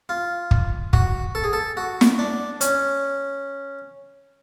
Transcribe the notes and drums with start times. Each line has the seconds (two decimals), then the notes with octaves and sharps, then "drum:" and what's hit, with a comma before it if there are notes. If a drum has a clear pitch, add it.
0.09 F4
0.51 drum: kick
0.93 F#4, drum: kick
1.35 A4
1.44 G#4
1.53 A4
1.77 F#4
2.01 drum: snare
2.19 D4
2.61 C#4, drum: hi-hat